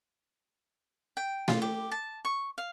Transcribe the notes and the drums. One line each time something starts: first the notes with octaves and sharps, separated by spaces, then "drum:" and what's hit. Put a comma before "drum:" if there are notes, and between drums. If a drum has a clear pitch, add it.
G5
F4, drum: snare A3
G4
A5
C#6
F5